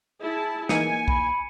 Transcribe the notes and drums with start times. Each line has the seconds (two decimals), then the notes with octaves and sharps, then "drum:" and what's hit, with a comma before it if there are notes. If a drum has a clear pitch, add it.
0.21 E4 G#4 A5
0.69 E3 A#3 D#4 G#5 C#7 D#7, drum: snare
1.08 B5, drum: kick